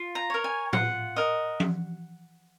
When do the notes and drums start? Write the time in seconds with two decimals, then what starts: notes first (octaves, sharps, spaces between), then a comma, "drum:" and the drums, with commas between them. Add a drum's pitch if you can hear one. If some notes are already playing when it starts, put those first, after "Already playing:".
Already playing: F4
0.15 A#5
0.30 A#4 C#5
0.44 G#5
0.73 F4 F#5, drum: tom A2
1.16 A#4 D#5
1.60 drum: tom F3